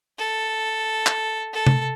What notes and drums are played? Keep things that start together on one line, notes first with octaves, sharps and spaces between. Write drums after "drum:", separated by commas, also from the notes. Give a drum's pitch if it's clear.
A4
drum: clap
A4
drum: tom C3